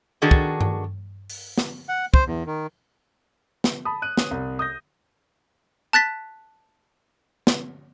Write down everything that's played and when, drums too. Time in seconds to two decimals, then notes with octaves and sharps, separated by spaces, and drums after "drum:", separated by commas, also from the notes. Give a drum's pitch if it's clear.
0.22 D#3 D4 F#4 G#4 A4
0.31 drum: kick
0.61 drum: tom G2
1.30 drum: open hi-hat
1.58 drum: snare
1.89 F#5
2.14 C5, drum: kick
2.27 E2
2.46 D#3
3.64 drum: snare
3.85 A5 B5 D#6
4.02 F#6 D#7
4.17 C#4 C#5, drum: snare
4.31 C2
4.59 D#6 G6 A#6
5.93 A5 F#6 A6 B6
7.47 drum: snare